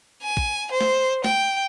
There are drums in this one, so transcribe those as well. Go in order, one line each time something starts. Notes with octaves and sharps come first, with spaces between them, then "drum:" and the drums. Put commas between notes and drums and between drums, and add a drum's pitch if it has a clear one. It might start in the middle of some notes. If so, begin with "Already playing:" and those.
G#5
drum: kick
C5
drum: snare
G5, drum: snare